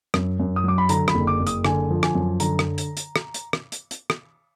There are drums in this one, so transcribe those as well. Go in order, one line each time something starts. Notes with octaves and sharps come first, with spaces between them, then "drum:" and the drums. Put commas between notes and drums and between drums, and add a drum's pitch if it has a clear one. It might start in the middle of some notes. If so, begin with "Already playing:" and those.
F#2, drum: rim click
F#2
D#6
F#3 D6
B5
D3 A#5, drum: hi-hat
B5, drum: rim click
F#1
D6
F#1
D#6, drum: hi-hat
D3 G#5, drum: rim click
F3
G#5, drum: rim click
F#2
D3 A#5, drum: hi-hat
drum: rim click
drum: hi-hat
drum: hi-hat
drum: rim click
drum: hi-hat
drum: rim click
drum: hi-hat
drum: hi-hat
drum: rim click